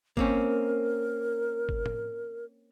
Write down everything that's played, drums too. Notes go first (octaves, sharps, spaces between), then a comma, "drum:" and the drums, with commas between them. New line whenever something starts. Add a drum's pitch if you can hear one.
A#3 C4 C#4 A#4, drum: kick G1
drum: kick G1
drum: tom A2